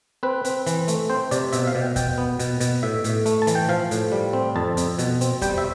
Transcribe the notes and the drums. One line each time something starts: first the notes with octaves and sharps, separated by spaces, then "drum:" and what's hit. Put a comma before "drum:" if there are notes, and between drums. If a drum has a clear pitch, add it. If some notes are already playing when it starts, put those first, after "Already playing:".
C4 B4
C4, drum: hi-hat
E3, drum: hi-hat
A3, drum: hi-hat
C4 C5
C3 D5, drum: hi-hat
B2 E5, drum: hi-hat
F5
B2
G5
B2 G5, drum: kick E2, hi-hat
B3
B2, drum: hi-hat
B2, drum: hi-hat
A2 E5
A2, drum: hi-hat
A3, drum: hi-hat
A5
E3, drum: hi-hat
G5
F3 F5
A2, drum: hi-hat
G3
C4
F2 A5
F2, drum: hi-hat
B2, drum: hi-hat
C4, drum: hi-hat
G3 G5, drum: kick E2, hi-hat
E5